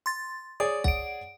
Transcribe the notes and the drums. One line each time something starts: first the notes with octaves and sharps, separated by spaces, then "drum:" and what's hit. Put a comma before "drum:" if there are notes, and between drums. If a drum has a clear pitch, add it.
C6 A6
G#4 C#5 D5 D#6
F#5 D7, drum: kick